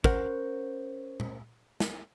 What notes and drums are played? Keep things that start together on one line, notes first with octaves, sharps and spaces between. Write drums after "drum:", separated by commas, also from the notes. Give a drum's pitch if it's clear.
C#4 A#4 C5 F#5, drum: kick
drum: tom A#2
drum: snare